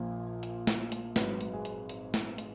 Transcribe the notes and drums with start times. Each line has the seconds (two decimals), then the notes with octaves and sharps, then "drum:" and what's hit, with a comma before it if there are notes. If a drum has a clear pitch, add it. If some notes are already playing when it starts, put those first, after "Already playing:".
Already playing: A#1 A#2 F3
0.43 drum: hi-hat
0.67 drum: snare
0.92 drum: hi-hat
1.16 G#1 G#2 F#3 B4, drum: snare
1.41 drum: hi-hat
1.53 G#4
1.65 drum: hi-hat
1.89 drum: hi-hat
2.14 drum: snare
2.38 drum: hi-hat